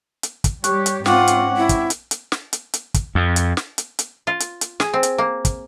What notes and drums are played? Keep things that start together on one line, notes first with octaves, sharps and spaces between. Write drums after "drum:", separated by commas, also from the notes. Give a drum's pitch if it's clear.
drum: hi-hat
drum: kick, hi-hat
G3 G4 C#5 C#6 F#6, drum: hi-hat
drum: hi-hat
G#2 C4 C#4 F4 F#5 G5 C#6 D6, drum: snare
drum: hi-hat
E4
drum: kick, hi-hat
drum: hi-hat
drum: hi-hat
drum: snare
drum: hi-hat
drum: hi-hat
drum: kick, hi-hat
F2
drum: hi-hat
drum: snare
drum: hi-hat
drum: hi-hat
F4
drum: hi-hat
drum: hi-hat
G#4, drum: snare
C4
drum: hi-hat
A#3
drum: kick, hi-hat